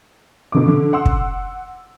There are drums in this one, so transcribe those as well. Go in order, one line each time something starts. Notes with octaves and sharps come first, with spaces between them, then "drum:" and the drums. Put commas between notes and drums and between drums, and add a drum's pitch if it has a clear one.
B2 D3 D6
D3
F#5 C6 E6
drum: kick